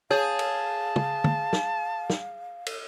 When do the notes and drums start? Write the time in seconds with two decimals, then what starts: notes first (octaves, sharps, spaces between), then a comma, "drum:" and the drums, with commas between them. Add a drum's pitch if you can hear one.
0.11 G#4 C#5 F5 A5
0.39 drum: cymbal
0.96 drum: tom
1.24 drum: tom
1.53 drum: snare
2.10 drum: snare
2.66 drum: cymbal